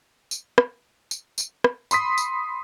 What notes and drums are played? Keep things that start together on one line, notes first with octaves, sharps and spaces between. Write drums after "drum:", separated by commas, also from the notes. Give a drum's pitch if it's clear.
drum: tambourine
drum: rim click
drum: tambourine
drum: tambourine
drum: rim click
B5 C6 D#6 B6, drum: tambourine
drum: tambourine